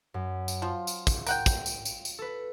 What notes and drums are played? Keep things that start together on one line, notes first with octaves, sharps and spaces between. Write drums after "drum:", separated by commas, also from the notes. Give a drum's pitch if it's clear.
F#2
drum: tambourine
F3 F4
drum: tambourine
drum: kick, tambourine
A#4 F#5 G5, drum: tambourine
drum: kick, tambourine
drum: tambourine
drum: tambourine
drum: tambourine
A4 B4